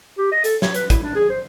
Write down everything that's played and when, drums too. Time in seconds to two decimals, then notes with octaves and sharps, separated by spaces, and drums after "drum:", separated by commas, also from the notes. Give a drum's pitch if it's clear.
0.18 G4
0.32 D#5
0.44 A4, drum: hi-hat
0.62 C#5, drum: snare
0.75 B4, drum: hi-hat
0.90 E4, drum: kick, hi-hat
1.03 D4
1.15 G#4
1.29 C5